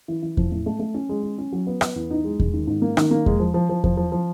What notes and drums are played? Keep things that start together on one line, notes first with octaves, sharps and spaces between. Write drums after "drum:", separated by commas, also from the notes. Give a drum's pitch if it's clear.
E3
E3
F3, drum: kick E2
A2
A3
A3
C#4
G#3
C#4
C#4
F#3
B3
B3, drum: rim click
E2
D#4
G#3
G#3, drum: kick E2
D#3
G#2
A#3
D#3, drum: rim click
A#3
G#3, drum: kick E2
F3
F3
F3
F3, drum: kick E2
F3
F3